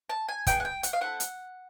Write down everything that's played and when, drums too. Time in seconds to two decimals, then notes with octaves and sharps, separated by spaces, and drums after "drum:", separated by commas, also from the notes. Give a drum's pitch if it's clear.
0.09 A5
0.28 G#5
0.47 B3 D#4 G#4 G5, drum: kick, hi-hat
0.60 F#5
0.65 G5
0.83 F#5, drum: hi-hat
0.93 F5
1.01 C4 E4 A4 F#5
1.20 drum: hi-hat